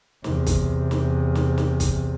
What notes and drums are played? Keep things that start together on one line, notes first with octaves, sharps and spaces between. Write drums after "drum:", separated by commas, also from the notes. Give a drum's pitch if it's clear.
E2 C3, drum: snare
drum: kick C2, hi-hat
drum: snare
drum: snare
drum: snare
drum: kick C2, hi-hat